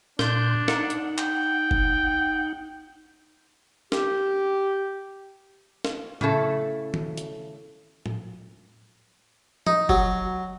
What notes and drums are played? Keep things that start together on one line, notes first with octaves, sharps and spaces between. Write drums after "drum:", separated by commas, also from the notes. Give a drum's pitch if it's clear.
A#2 D4 C6 G6, drum: snare
D#4 F#5, drum: snare
drum: hi-hat
G5, drum: clap
drum: kick F#1
G4, drum: snare
drum: snare
C#3 A3 E4 A4, drum: tom A2
drum: tom
drum: hi-hat
drum: tom A2
D#4, drum: tom F3
F#3, drum: kick F#1